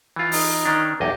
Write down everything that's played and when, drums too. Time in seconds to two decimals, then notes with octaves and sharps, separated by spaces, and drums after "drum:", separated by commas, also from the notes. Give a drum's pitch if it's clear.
0.16 E3 F4
0.32 D#4, drum: open hi-hat
0.65 D#3 C#4 D4
1.00 B1 E2 G4 D#5